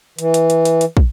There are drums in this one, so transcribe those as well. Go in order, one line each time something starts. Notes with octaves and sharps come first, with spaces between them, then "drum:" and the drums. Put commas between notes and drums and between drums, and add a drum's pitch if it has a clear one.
E3, drum: hi-hat
drum: hi-hat
drum: hi-hat
drum: hi-hat
drum: hi-hat
drum: kick